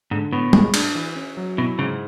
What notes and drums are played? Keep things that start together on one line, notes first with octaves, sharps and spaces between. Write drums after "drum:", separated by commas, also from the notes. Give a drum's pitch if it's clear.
G#2 D3
A2 B3
G#3, drum: tom
D4, drum: cymbal
E3
C#4
F#3
B2 E4
G#2 C#3